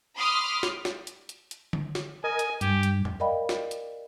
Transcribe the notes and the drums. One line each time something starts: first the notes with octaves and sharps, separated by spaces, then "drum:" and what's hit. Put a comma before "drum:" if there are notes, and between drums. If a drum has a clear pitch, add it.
B5 C6 D6 D#6 F6
drum: snare
drum: snare
drum: hi-hat
drum: hi-hat
drum: hi-hat
drum: tom D3
drum: snare
A#4 D#5 G#5
drum: hi-hat
G2 G4, drum: hi-hat
drum: hi-hat
drum: tom E2
A#4 D5 D#5 F5 G5 B5
drum: snare
drum: hi-hat